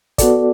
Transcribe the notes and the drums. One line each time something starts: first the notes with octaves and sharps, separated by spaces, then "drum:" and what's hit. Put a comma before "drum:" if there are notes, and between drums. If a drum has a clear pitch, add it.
B3 F#4 A4 D5, drum: kick, hi-hat